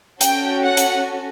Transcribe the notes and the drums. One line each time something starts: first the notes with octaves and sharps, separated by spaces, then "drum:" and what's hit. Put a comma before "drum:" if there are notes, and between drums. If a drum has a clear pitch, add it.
C#4 F#4 A4 G5, drum: hi-hat
F#5
drum: hi-hat